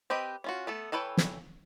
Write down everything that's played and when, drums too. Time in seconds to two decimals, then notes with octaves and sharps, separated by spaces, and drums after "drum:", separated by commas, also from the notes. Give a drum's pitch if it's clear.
0.10 C4 G4 B4 D#5
0.44 C#4 F4 F#4
0.67 A3 B3 A4
0.92 E3 A4 B4 C#5 G5
1.17 drum: snare